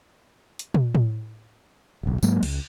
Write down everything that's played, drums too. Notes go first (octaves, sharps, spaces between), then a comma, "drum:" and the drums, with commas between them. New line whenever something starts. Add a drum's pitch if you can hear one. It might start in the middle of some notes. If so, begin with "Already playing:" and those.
drum: hi-hat
drum: tom
drum: tom A2
D1 B1
G#2 F#3 G#3 A#3, drum: tambourine
C#2, drum: cymbal